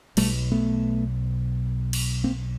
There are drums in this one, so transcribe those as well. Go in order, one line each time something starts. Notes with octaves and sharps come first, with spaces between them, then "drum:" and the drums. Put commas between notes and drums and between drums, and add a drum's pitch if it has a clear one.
B1 B2 G3 A3, drum: cymbal
A3 B3
drum: cymbal
A#3 C4